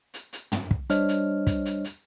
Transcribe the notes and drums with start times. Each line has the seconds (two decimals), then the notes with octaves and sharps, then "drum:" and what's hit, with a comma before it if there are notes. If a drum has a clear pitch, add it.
0.14 drum: hi-hat
0.33 drum: hi-hat
0.52 drum: tom
0.71 drum: kick
0.90 G3 D4 C5 C#5 D#5 F6, drum: hi-hat
1.09 drum: hi-hat
1.47 drum: kick, hi-hat
1.66 drum: hi-hat
1.85 drum: hi-hat